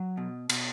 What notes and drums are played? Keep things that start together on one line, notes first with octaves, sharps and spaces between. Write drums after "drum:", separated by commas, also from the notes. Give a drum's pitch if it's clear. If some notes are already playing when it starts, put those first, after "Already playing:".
Already playing: F#3
B2
B2, drum: cymbal